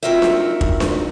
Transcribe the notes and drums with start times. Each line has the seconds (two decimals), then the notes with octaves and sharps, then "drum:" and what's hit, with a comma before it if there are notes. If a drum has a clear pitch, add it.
0.03 C4 D#4 F4 F#4 A#4 E5
0.22 drum: snare D4
0.61 drum: kick
0.80 drum: snare D4